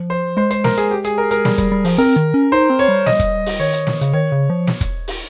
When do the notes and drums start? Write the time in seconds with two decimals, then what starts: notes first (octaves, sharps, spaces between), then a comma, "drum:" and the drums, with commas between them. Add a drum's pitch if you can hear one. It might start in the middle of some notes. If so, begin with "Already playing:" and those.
Already playing: F3
0.10 C5
0.37 G#3 C5
0.51 C5, drum: hi-hat
0.64 A#4, drum: snare
0.77 G#4, drum: hi-hat
0.91 G4
1.04 G#4, drum: hi-hat
1.18 A#4
1.31 A#4, drum: hi-hat
1.45 G3, drum: snare
1.58 G3, drum: kick, hi-hat
1.72 G3
1.85 F3, drum: open hi-hat
1.98 C4 A#4
2.16 D#3
2.34 C#4
2.52 D#4 C5
2.70 C4
2.79 C#5
2.88 G3
3.06 D#5, drum: snare
3.19 drum: kick, hi-hat
3.46 drum: open hi-hat
3.60 D#3 C#5
3.73 drum: hi-hat
3.87 drum: snare
4.01 C#3, drum: hi-hat
4.13 D#3 C#5
4.32 C#3
4.50 F3
4.67 drum: snare
4.81 drum: kick, hi-hat
5.08 drum: open hi-hat